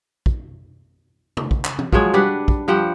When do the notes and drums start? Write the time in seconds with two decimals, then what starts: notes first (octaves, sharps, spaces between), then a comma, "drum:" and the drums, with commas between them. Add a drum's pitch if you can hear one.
0.26 drum: kick
1.37 drum: tom C3
1.51 drum: kick
1.65 drum: clap
1.79 drum: tom
1.92 F3 F#3 G#3 C#5, drum: kick
2.14 G3 D4 B4 F#5
2.48 drum: kick
2.68 F3 G3 F#5 G5